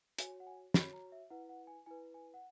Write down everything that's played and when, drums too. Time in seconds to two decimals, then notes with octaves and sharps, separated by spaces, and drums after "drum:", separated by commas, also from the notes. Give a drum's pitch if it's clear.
0.19 F#4 C#5 G#5, drum: hi-hat
0.40 F#5
0.47 G#5
0.74 F#4 C#5 B5, drum: snare
0.93 A#5
1.12 E5
1.30 E4 B4 F#5
1.49 F#5
1.67 G#5
1.86 E4 B4 G#5
2.14 G#5
2.34 F#5